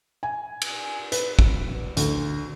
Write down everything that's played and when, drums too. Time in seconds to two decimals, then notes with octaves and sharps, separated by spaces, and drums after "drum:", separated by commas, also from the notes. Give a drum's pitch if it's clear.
0.23 G#5
0.61 drum: cymbal
1.12 B4, drum: hi-hat
1.39 drum: kick
1.97 D2, drum: hi-hat